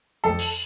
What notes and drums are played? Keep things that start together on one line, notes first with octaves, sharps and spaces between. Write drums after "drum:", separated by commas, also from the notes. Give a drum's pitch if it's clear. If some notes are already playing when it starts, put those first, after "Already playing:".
F2 A4
drum: cymbal